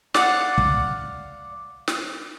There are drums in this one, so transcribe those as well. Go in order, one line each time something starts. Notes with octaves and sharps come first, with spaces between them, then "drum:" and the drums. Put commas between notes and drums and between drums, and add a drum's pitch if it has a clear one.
D5 F5 F#5, drum: snare
drum: kick
drum: snare